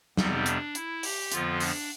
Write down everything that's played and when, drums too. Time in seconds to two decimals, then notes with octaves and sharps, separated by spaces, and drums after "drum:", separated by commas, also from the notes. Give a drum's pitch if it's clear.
0.17 F2 C3 G3 B3 C4, drum: snare
0.46 D4, drum: hi-hat
0.75 E4, drum: hi-hat
1.03 G4, drum: open hi-hat
1.32 F2 D3 F3 B3 F4, drum: hi-hat
1.60 D4, drum: open hi-hat